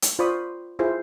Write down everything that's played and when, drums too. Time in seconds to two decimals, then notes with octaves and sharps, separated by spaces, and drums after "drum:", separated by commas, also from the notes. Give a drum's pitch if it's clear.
0.02 drum: hi-hat
0.19 F4 C5 D5 B5 C#6 D#6
0.79 E4 F4 G#4 C5